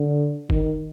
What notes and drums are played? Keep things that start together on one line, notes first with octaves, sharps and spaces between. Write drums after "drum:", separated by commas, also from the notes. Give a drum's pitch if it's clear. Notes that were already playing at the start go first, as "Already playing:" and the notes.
Already playing: D3
D#3, drum: kick